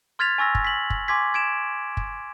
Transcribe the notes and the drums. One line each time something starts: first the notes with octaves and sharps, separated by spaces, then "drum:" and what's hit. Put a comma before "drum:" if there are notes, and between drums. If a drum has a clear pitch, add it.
C6 F6 G#6 A6 B6 F7
G#5 C#6 E6 A#6
drum: kick
B6 F#7
drum: kick
G#5 C6 D6 G#6 B6
G#6 D7 E7
drum: kick